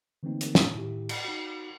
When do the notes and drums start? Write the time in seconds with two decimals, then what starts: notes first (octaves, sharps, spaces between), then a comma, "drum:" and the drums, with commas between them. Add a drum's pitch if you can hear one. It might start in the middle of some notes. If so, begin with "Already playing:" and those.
0.23 D3 E3 A3 A#3 C4 D#4
0.41 drum: hi-hat
0.55 drum: snare
0.75 A2 D#3 E4 G4
1.09 drum: cymbal
1.25 D#4 F#4